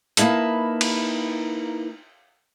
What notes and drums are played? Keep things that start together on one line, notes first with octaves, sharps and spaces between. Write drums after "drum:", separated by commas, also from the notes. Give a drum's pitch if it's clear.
A#3 D#4 E4 B4 A5, drum: hi-hat
drum: cymbal